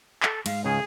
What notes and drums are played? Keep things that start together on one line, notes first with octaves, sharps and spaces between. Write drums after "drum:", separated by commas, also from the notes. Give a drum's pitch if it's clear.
A4, drum: clap
G#2 G#3 F5, drum: cymbal
C#2 C#3 G#4